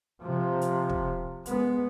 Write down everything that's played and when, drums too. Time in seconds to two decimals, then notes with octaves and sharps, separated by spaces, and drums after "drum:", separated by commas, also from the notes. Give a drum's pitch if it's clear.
0.22 C3 F3
0.61 drum: hi-hat
0.89 drum: kick
1.46 G#3 B3, drum: hi-hat